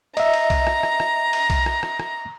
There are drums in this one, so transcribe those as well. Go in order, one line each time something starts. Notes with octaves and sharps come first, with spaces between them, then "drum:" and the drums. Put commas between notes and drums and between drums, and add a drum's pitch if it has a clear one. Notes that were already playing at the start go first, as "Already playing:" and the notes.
D#5 E5 A#5, drum: cymbal
drum: cymbal
drum: kick B1, cymbal
drum: rim click
drum: rim click
drum: rim click
drum: cymbal
drum: kick B1, cymbal
drum: rim click
drum: rim click
drum: rim click